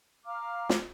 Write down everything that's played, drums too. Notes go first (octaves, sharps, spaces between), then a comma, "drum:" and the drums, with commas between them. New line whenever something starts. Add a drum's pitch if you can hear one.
F5 A#5 D6 F6
drum: snare